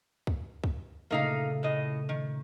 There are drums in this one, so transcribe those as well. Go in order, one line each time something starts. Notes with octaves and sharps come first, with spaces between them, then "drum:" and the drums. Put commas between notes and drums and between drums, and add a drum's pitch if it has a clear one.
drum: kick
drum: kick
A#2 C#3 A3 A#3 D#4 F5
A2 D#5
D#3